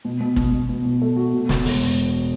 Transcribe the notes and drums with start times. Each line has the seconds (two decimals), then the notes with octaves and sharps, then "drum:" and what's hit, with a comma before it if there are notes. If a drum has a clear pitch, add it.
0.05 B2
0.20 B2
0.36 B2, drum: kick
0.52 B2
0.69 B2
0.85 B2
1.02 A3
1.17 F#4
1.33 B2
1.49 B2, drum: snare
1.66 E1, drum: open hi-hat